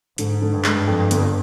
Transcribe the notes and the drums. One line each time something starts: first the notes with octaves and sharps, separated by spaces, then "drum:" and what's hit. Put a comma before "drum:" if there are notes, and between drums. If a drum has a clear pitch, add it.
G#2 D3, drum: hi-hat
D3
G2
G#3, drum: clap
F2
G1, drum: hi-hat